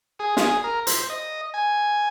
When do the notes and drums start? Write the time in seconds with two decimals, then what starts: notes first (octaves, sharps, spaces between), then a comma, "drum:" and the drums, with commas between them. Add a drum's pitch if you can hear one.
0.19 G#4
0.37 F4, drum: snare
0.42 G#4
0.64 A#4
0.87 C5, drum: hi-hat
1.10 D#5
1.54 G#5